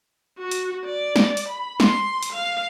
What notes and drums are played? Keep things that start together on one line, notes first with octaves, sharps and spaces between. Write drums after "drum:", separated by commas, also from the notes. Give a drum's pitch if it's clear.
F#4
drum: hi-hat
D5
drum: snare
drum: hi-hat
B5
C6, drum: snare
drum: hi-hat
F5